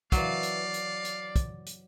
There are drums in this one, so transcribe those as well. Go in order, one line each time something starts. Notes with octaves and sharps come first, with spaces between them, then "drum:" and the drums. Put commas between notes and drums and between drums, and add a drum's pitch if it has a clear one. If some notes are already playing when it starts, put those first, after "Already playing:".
E3 F#3 A#3 D5 F5, drum: kick, hi-hat
drum: hi-hat
drum: hi-hat
drum: hi-hat
drum: kick, hi-hat
drum: hi-hat